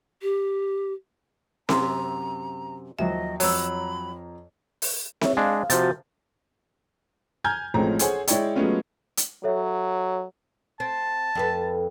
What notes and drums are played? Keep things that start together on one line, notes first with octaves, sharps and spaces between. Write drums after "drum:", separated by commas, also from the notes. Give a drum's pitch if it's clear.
G4
F#2 C3 A#5 C6, drum: snare C4
D#2 F3 F#3 D#5 E5
F2 F3 F#3 C#5 A#5 B5 E6, drum: open hi-hat
drum: open hi-hat
C#5 E5, drum: snare C4
G#3 D4 F5
C3 F3 F#4 G6 A6, drum: hi-hat
G#5 A#5 F6 G6 G#6
A1 A2 F3 G#3 C4 A#5
G#4 A4 C5 C#5 F#5 G#5, drum: hi-hat
G#3 E4 G#4 C#5 D5 G5, drum: hi-hat
F#3 G#3 A3 B3 C#4 F4
drum: hi-hat
F#3 A4 C#5 E5
C4 A5
F2 A4 B4